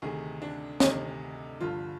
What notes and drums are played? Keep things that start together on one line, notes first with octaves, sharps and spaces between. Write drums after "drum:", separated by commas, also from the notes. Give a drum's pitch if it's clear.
D2 C3 D#3 G#4
D4
D2 C3 D#3 D#4, drum: snare
G1 G2 D3 F3 F4